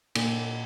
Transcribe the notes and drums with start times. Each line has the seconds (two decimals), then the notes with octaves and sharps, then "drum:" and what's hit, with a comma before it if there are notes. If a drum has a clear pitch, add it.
0.15 A#2, drum: cymbal